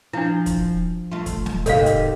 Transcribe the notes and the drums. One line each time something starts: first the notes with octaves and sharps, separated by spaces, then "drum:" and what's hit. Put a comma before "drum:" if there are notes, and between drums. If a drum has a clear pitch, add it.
F3 D4 E4
drum: kick, hi-hat
A3 F4
drum: kick, hi-hat
drum: snare
G#2 C3 D#3 A4 D5 F5, drum: kick, hi-hat
drum: hi-hat